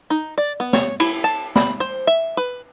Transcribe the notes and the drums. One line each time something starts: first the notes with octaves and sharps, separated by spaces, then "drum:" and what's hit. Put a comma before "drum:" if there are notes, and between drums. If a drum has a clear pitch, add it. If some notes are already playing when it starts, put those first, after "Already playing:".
D#4
D5
B3
C#5, drum: snare
E4, drum: cymbal
A5
B5, drum: snare
C5
E5
B4